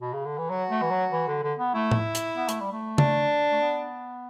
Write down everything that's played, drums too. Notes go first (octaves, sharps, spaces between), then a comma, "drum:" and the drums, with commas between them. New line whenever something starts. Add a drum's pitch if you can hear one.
B2
C#3
D3
E3
F#3 F#4
A3
E3
F#3
E3
D3
D3
B3
A3 E4
drum: tom A2
drum: hi-hat
B3
A3, drum: hi-hat
G3
A3
D4, drum: tom C#3
A3
B3